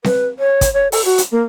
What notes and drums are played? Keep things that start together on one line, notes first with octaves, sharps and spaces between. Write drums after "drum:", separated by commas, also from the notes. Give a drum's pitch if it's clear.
B4, drum: snare C4
C#5
drum: kick, hi-hat
C#5
A4, drum: open hi-hat
F#4
drum: hi-hat
A#3